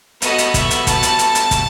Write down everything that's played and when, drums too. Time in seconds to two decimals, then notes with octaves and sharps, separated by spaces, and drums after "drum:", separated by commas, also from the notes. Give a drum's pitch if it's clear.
0.22 B3 F#4 A4 D#5 D#6, drum: hi-hat
0.38 drum: hi-hat
0.54 E5 E6, drum: kick, hi-hat
0.71 drum: hi-hat
0.87 A5 A6, drum: kick, hi-hat
1.03 drum: hi-hat
1.19 drum: hi-hat
1.35 drum: hi-hat
1.51 drum: kick, hi-hat